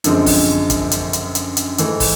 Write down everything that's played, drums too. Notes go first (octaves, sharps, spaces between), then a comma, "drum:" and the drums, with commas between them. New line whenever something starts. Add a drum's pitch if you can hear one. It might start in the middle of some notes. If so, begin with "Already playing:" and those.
F#2 D3 F3 G#3 C4, drum: hi-hat
drum: kick, open hi-hat
drum: kick, hi-hat
drum: hi-hat
drum: hi-hat
drum: hi-hat
drum: hi-hat
G#2 E3 A3, drum: hi-hat
drum: kick, open hi-hat